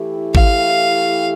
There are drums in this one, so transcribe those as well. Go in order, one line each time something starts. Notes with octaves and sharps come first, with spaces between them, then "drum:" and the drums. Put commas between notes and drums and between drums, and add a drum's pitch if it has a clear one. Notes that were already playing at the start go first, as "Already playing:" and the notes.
Already playing: E3 A3 E4 G4
F5, drum: kick G#1